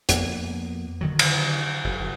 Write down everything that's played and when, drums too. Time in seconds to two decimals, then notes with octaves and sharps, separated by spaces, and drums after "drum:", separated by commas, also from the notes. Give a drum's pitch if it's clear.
0.09 F2 A#3 B3, drum: hi-hat
1.01 D3 D#3 F#3
1.19 drum: cymbal
1.84 F#1